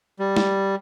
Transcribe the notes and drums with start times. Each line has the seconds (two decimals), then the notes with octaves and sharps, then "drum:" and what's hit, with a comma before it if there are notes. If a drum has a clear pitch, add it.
0.19 G3
0.36 drum: snare